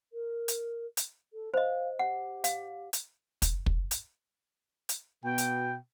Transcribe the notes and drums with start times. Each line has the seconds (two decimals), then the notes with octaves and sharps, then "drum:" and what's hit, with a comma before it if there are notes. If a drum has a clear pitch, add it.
0.12 A#4
0.48 drum: hi-hat
0.97 drum: hi-hat
1.33 A4
1.54 C5 D#5 F5
1.99 G4 F#5
2.44 F5, drum: hi-hat
2.93 drum: hi-hat
3.42 drum: kick, hi-hat
3.66 drum: kick
3.91 drum: hi-hat
4.89 drum: hi-hat
5.24 B2 G5
5.38 drum: hi-hat